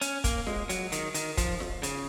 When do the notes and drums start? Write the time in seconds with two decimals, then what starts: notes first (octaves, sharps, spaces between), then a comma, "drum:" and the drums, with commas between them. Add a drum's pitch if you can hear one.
0.01 C#4, drum: hi-hat
0.24 A#3, drum: kick, hi-hat
0.47 G#3, drum: snare F4
0.69 F#3, drum: hi-hat
0.92 D#3, drum: hi-hat
1.14 D#3, drum: hi-hat
1.37 F3, drum: kick, hi-hat
1.60 drum: snare F4
1.83 C#3, drum: hi-hat